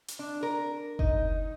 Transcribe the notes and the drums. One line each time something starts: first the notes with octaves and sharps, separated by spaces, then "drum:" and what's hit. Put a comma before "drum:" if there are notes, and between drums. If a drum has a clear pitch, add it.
drum: hi-hat
D4
A#4
D#4, drum: kick F#1